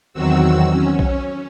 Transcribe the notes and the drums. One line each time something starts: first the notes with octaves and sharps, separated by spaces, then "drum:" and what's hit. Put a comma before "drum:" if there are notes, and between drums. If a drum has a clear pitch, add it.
E2 D#3 F#3 C4 F#4 E6
C#4
drum: kick B1